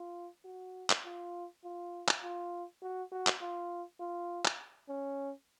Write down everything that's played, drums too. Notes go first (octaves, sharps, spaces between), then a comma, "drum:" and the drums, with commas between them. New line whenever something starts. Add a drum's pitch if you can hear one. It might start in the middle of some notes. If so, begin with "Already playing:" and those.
Already playing: F4
F#4
drum: clap
F4
F4
drum: clap
F4
F#4
F#4
drum: clap
F4
F4
drum: clap
C#4